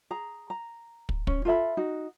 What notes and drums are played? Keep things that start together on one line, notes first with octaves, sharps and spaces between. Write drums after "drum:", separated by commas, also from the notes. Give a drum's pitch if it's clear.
G#4 A#5
A#5
drum: kick
C#4, drum: kick
F4 A4 E5 B5
D#4 F#4